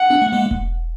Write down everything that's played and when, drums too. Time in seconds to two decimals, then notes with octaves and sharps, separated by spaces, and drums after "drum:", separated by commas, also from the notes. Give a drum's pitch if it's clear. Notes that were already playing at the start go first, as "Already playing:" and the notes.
Already playing: F#5
0.10 C4 D4
0.22 A3
0.32 G#3 A#3
0.51 drum: kick E1